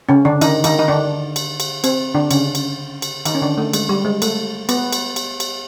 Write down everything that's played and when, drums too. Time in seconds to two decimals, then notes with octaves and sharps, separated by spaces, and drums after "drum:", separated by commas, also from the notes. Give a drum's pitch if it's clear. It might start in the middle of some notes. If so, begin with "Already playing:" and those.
0.09 C#3 C#4
0.25 D3 D4
0.41 D#3 D#4, drum: cymbal
0.64 D#3 D#4, drum: cymbal
0.79 D#4
0.88 D3 D4
1.36 drum: cymbal
1.60 drum: cymbal
1.84 C4, drum: cymbal
2.15 D3 D4
2.31 C#3 C#4, drum: cymbal
2.55 drum: cymbal
3.02 drum: cymbal
3.25 D#3 D#4, drum: cymbal
3.35 C#4
3.42 D3 D4
3.58 A3
3.73 G#3, drum: cymbal
3.89 G3
4.05 G#3
4.22 A3, drum: cymbal
4.69 B3, drum: cymbal
4.92 drum: cymbal
5.16 drum: cymbal
5.40 drum: cymbal